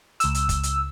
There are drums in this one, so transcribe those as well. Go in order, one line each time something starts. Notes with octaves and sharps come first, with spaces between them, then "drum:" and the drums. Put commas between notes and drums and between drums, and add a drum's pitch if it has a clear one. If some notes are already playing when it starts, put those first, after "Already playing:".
C#2 E6, drum: hi-hat
drum: hi-hat
drum: kick, hi-hat
drum: hi-hat